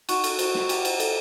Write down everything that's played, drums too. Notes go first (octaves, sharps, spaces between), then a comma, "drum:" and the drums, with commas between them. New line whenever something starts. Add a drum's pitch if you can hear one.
D#4 F#4, drum: cymbal
A4, drum: cymbal
F#4 C5, drum: cymbal
C5, drum: snare
G4 F#5, drum: cymbal
C5, drum: cymbal
A4, drum: cymbal